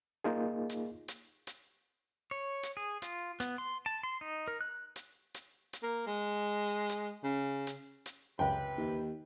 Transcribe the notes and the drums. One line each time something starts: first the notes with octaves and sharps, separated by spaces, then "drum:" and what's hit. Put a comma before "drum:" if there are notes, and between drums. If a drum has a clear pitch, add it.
A#3 D#4 F4 G#4
drum: hi-hat
drum: hi-hat
drum: hi-hat
C#5
drum: hi-hat
G#4
F4, drum: hi-hat
B3, drum: hi-hat
C6
A5
C6
D#4
A#4
F#6
drum: hi-hat
drum: hi-hat
drum: hi-hat
A#3
G#3
drum: hi-hat
C#3
drum: hi-hat
drum: hi-hat
C#2 F#2 C3 B4 G5
D#2